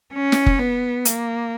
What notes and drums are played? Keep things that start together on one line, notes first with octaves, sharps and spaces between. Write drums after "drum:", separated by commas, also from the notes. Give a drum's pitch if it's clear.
C#4
drum: snare
drum: kick F#1
B3
A#3, drum: hi-hat